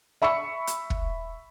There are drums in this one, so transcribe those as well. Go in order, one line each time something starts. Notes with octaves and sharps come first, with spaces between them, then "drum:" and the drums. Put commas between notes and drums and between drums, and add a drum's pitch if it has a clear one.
E5 B5 C#6 E6 C#7
drum: hi-hat
drum: kick